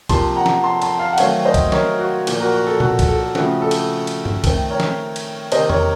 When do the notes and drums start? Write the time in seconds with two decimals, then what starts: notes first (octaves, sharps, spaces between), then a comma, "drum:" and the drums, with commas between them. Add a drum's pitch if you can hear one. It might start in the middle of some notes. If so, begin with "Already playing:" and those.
0.09 C3 F3 A#3 A5 C6, drum: kick, cymbal
0.36 F#5 A#5
0.46 drum: snare
0.64 A5 C6
0.82 A5 C6, drum: cymbal
0.99 F5 A5
1.13 F#5
1.18 D#3 F#3 A3 C4 C#5 F5, drum: cymbal
1.45 C5 D#5
1.54 drum: kick, cymbal
1.72 A#4 C#5, drum: snare
1.99 F#4
2.27 A#2 F3 A#3, drum: cymbal
2.40 F#4 A#4
2.54 F#4
2.67 A4
2.80 F#4, drum: tom A#2
2.99 drum: kick, cymbal
3.08 A4
3.35 C#3 F3 A3 C4 F#4, drum: snare
3.62 A4
3.71 drum: cymbal
4.07 drum: cymbal
4.25 drum: tom
4.44 D#3 A3 C4, drum: kick, cymbal
4.70 A#4 C#5
4.80 drum: snare
5.16 drum: cymbal
5.52 C3 D#3 A#3 C5 D#5, drum: cymbal
5.70 A#4 C#5, drum: tom E2